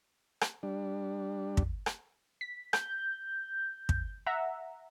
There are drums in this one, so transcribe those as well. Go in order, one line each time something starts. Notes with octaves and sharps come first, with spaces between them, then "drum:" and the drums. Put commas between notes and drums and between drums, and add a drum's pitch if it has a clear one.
drum: rim click
G3 D4
drum: kick
drum: rim click
B6
G6, drum: rim click
drum: kick
E5 F#5 A#5